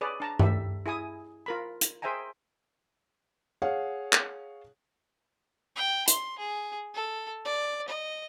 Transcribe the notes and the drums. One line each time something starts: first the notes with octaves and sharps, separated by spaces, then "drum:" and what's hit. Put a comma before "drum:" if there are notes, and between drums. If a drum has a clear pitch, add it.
G#4 B4 C#5 D5
D4 A5 A#5
G4 A4 E5, drum: tom G2
E4 G#4 G#5 D#6
F4 A#4 B5
drum: hi-hat
G#4 C5 E5 G5 G#5 A#5
G#4 C#5 F5 F#5
drum: clap
G5
C6, drum: hi-hat
G#4
A4
D5
D#5